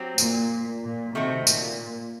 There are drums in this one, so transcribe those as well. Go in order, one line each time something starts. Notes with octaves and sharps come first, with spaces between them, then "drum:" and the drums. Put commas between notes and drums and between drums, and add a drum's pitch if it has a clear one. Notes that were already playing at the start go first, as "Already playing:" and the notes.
Already playing: F#3 C4 G4
A#2, drum: tambourine
A#2
C3 D#3 A3 C4 F#4
A#2, drum: tambourine